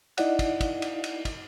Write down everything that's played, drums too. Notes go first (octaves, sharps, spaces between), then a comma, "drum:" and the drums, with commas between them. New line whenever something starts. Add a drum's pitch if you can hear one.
D#4 E4 D5 D#5 F#5 F#6, drum: cymbal
drum: kick, cymbal
drum: kick, cymbal
drum: cymbal
drum: cymbal
drum: kick, cymbal